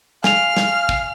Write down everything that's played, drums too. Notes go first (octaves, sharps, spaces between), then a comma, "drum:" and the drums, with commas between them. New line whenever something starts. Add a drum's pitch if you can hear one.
F5 G#5 F6 F7, drum: snare
drum: snare
drum: kick